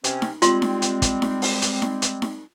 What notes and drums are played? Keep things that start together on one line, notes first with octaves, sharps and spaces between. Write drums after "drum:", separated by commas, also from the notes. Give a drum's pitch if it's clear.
C3 C4 C#4, drum: hi-hat
drum: snare D#4
G3 G#3 C4 F4 C6, drum: hi-hat
drum: snare D#4
drum: hi-hat
drum: kick, hi-hat
drum: snare D#4
drum: open hi-hat
drum: hi-hat
drum: snare D#4
drum: hi-hat
drum: snare D#4